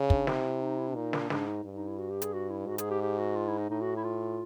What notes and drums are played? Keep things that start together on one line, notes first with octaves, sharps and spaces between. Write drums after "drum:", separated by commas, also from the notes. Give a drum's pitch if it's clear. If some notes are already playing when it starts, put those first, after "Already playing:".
Already playing: C#3
D4, drum: kick
C3 D#4, drum: snare
E4
D#4
E4
D4
A#2 D#4
D4, drum: snare
G#2 D4, drum: snare
D#4
G2
D#4
E4
F#4
G4
G#4, drum: hi-hat
F#4
E4
G#2 F#4
G#4, drum: hi-hat
G4
G4
F#4
F4
E4
D#4
A2 D#4
F#4
E4
F4